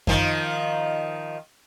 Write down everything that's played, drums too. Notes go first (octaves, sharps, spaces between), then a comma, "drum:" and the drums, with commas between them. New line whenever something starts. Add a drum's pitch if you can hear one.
D#3 F3, drum: kick F#2